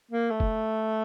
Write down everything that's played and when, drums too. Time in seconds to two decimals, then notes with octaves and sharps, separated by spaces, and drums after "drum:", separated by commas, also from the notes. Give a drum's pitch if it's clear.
0.11 A#3
0.30 A3
0.40 drum: kick F1